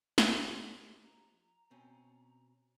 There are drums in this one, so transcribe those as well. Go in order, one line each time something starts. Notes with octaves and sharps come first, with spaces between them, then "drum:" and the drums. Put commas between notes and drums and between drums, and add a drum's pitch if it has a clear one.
F3 D#4 G4, drum: snare
A#5
B2 C4 C#4